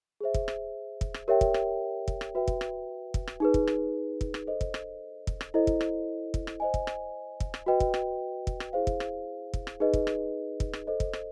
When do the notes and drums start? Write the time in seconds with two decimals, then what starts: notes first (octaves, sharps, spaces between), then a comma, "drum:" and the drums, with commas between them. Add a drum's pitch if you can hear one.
0.21 G#4 C5 E5
0.34 drum: kick
0.48 drum: rim click
1.01 drum: kick
1.14 drum: rim click
1.28 G4 A#4 C#5 E5 G5
1.41 drum: kick
1.54 drum: rim click
2.08 drum: kick
2.21 drum: rim click
2.35 F#4 B4 E5 G5
2.48 drum: kick
2.61 drum: rim click
3.14 drum: kick
3.27 drum: rim click
3.40 D#4 G#4 B4
3.54 drum: kick
3.67 drum: rim click
4.21 drum: kick
4.34 drum: rim click
4.47 A4 C5 D#5
4.61 drum: kick
4.74 drum: rim click
5.27 drum: kick
5.41 drum: rim click
5.54 E4 A4 C5 D#5
5.67 drum: kick
5.81 drum: rim click
6.34 drum: kick
6.47 drum: rim click
6.60 C5 D#5 G#5
6.74 drum: kick
6.87 drum: rim click
7.40 drum: kick
7.54 drum: rim click
7.66 F#4 B4 D#5 G5
7.80 drum: kick
7.94 drum: rim click
8.47 drum: kick
8.60 drum: rim click
8.73 E4 G#4 C5 F5
8.87 drum: kick
9.00 drum: rim click
9.54 drum: kick
9.67 drum: rim click
9.80 D#4 G#4 B4 D#5
9.93 drum: kick
10.07 drum: rim click
10.60 drum: kick
10.73 drum: rim click
10.87 A4 C5 D#5
11.00 drum: kick
11.13 drum: rim click